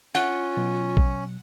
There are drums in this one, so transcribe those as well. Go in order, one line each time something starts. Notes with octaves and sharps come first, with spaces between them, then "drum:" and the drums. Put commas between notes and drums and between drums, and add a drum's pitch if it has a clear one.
C#4 F4 F#5
B2 F#3
drum: kick A#1